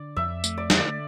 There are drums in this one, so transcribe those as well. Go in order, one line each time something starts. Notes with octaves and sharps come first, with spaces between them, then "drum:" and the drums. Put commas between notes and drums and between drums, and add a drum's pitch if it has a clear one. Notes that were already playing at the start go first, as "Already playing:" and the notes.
Already playing: D3 D5
F2 E5
A3, drum: tambourine
D5
D3, drum: snare
D5